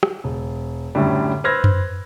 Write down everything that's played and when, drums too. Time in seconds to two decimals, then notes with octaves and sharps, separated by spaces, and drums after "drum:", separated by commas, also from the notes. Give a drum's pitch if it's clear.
0.03 drum: rim click
0.24 E1
0.95 F#2 A2 D3 G3
1.44 B4 C5 E6 F6 G#6 A#6
1.64 drum: tom F#2